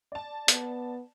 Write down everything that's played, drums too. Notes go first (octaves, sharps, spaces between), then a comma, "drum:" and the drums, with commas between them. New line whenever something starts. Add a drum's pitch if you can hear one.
D5 A5
B3, drum: hi-hat